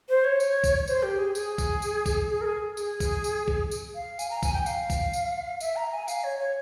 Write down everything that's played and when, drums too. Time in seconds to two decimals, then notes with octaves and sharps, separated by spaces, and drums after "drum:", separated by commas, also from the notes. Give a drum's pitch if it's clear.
0.09 C5
0.24 C#5
0.40 drum: tambourine
0.64 drum: kick, tambourine
0.87 C5, drum: tambourine
1.03 G4
1.18 G#4
1.35 G#4, drum: tambourine
1.58 drum: kick, tambourine
1.82 drum: tambourine
2.06 drum: kick, tambourine
2.30 G#4
2.41 A#4
2.45 G#4
2.77 G#4, drum: tambourine
3.00 drum: kick, tambourine
3.24 drum: tambourine
3.48 drum: kick
3.71 drum: tambourine
3.95 F5
4.19 G#5, drum: tambourine
4.30 A#5
4.43 G#5, drum: kick, tambourine
4.54 G5
4.66 F5, drum: tambourine
4.90 drum: kick, tambourine
5.13 drum: tambourine
5.60 E5, drum: tambourine
5.76 A#5
5.92 G#5
6.08 F5, drum: tambourine
6.24 C#5
6.39 C#5